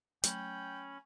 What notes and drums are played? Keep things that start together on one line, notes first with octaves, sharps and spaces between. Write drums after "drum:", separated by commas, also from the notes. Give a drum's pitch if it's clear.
F#3 A3 C#4 G5 B5, drum: hi-hat